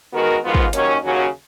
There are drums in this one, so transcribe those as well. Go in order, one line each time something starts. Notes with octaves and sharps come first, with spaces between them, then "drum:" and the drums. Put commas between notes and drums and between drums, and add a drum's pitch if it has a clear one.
D#3 G#3 B3 F#4 A#4
G#2 F3 B3 F4 A#4
drum: kick
D#2 D#3 F#3 C#4, drum: hi-hat
D#2 C#3 F#3 C#4 F#4